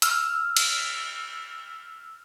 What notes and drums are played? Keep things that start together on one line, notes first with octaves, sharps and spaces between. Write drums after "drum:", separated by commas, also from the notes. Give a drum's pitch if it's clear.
E6 F6, drum: hi-hat
drum: cymbal